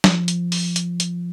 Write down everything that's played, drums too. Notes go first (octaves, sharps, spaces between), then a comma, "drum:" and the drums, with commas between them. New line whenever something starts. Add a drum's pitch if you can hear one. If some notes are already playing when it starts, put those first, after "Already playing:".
F3, drum: snare
drum: hi-hat
drum: open hi-hat
drum: hi-hat
drum: hi-hat